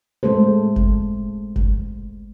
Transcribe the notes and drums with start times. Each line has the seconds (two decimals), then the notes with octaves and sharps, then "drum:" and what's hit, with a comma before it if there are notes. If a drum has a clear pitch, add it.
0.23 G#3 A3 A4 C5
0.76 drum: kick F#1
1.56 drum: kick F#1